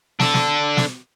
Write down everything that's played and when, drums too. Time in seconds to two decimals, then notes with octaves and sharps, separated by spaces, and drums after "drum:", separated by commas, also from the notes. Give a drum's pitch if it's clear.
0.20 D4 A4, drum: snare
0.34 drum: snare
0.77 drum: snare